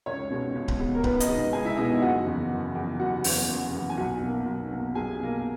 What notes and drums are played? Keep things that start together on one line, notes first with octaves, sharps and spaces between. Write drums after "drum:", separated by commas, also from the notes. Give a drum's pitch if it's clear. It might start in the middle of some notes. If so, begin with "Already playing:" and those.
C#2 C#4 C#5
B2 G#3 B3
C#2
drum: kick D1
B2 G#3 B3
A#4
C#2 B3 B4, drum: kick D1
D#4 D#5, drum: hi-hat
B2 G#3 B3
C#2 G#4 G#5
E4 E5
B2 G#3 B3 D#4 D#5
F#1 F#4 F#5
E2 C#3
F#1
E2 C#3
F#1 F#4 F#5
E2 C#3, drum: open hi-hat
F#1
E2 C#3
G#5
B1 F#4 F#5
B2 A#3
B1
B2 A#3
B1 G#4 G#5
B2 A#3